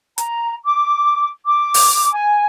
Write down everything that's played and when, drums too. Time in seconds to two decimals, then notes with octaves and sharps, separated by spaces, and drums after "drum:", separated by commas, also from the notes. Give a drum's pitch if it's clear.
0.18 A#5, drum: hi-hat
0.65 D6
1.45 D6
1.74 drum: open hi-hat
2.13 G#5